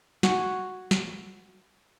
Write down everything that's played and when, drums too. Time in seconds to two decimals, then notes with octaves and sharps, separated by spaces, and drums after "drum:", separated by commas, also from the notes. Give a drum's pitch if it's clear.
0.23 F#4 G#5, drum: snare
0.91 drum: snare